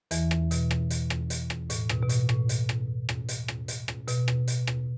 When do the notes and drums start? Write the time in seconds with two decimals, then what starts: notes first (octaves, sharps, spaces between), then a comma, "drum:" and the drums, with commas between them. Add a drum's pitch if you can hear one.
0.11 E2 E3, drum: hi-hat
0.31 drum: rim click
0.51 B2, drum: hi-hat
0.71 drum: rim click
0.90 drum: hi-hat
1.10 drum: rim click
1.30 drum: hi-hat
1.50 drum: rim click
1.70 A2, drum: hi-hat
1.89 B2, drum: rim click
2.02 B2
2.09 A2, drum: hi-hat
2.29 A2, drum: rim click
2.49 drum: hi-hat
2.69 drum: rim click
3.09 drum: rim click
3.29 drum: hi-hat
3.48 drum: rim click
3.68 drum: hi-hat
3.88 drum: rim click
4.08 B2, drum: hi-hat
4.28 drum: rim click
4.48 drum: hi-hat
4.67 drum: rim click